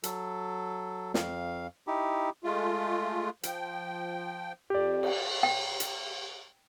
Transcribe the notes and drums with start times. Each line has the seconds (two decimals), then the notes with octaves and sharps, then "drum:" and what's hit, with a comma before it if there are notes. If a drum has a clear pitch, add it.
0.03 F#3 A4, drum: hi-hat
1.14 F2 F5, drum: snare
1.87 D#4 E4 G4
2.44 G#3 A3 F4
3.43 F3 G5, drum: hi-hat
4.70 F2 G4 D5
5.03 drum: cymbal
5.43 G5
5.80 drum: hi-hat